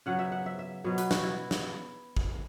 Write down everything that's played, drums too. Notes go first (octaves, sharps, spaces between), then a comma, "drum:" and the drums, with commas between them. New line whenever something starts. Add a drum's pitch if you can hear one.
C#3 F#3 B3 F#5
E5
F#5
E5
E5
B2 F#3 B3 C#5
B4, drum: hi-hat
F#4, drum: snare
E4
drum: snare
drum: kick